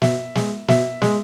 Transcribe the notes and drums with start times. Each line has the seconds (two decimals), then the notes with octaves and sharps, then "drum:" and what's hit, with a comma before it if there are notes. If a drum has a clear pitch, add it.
0.02 B2 E5, drum: snare
0.35 G#3, drum: snare
0.68 B2 E5, drum: snare
1.02 G#3, drum: snare